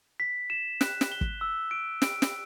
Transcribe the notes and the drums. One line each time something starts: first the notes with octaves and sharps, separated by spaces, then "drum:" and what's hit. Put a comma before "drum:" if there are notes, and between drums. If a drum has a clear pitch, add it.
B6
E7
F#6, drum: snare
drum: snare
G7
drum: kick
E6
D7
D7, drum: snare
drum: snare